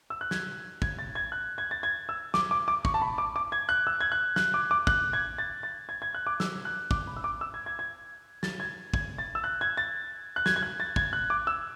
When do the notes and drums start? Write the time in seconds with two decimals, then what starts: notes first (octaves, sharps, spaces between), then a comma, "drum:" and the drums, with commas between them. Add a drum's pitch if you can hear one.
0.10 E6
0.21 F#6
0.31 G#6, drum: snare
0.82 G#6, drum: kick
0.99 A6
1.15 G#6
1.32 F#6
1.58 G#6
1.71 A6
1.83 G#6
2.09 E6
2.34 D6, drum: snare
2.51 D6
2.68 D6
2.85 C#6, drum: kick
2.94 A5
3.02 B5
3.18 D6
3.36 D6
3.52 G#6
3.69 F#6
3.87 E6
4.00 G#6
4.12 F#6
4.36 F#6, drum: snare
4.54 D6
4.71 D6
4.87 F#6, drum: kick
5.13 G#6
5.38 A6
5.63 A6
5.89 G#6
6.02 G#6
6.15 F#6
6.27 D6
6.40 E6, drum: snare
6.65 F#6
6.91 D6, drum: kick
7.07 B5
7.17 E6
7.24 D6
7.41 E6
7.54 G#6
7.66 G#6
7.79 G#6
8.43 A6, drum: snare
8.60 G#6
8.94 G#6, drum: kick
9.18 A6
9.35 E6
9.44 F#6
9.61 G#6
9.77 A6
10.36 F#6
10.46 G#6, drum: snare
10.56 G#6
10.63 F#6
10.80 A6
10.96 G#6, drum: kick
11.13 F#6
11.30 D6
11.47 E6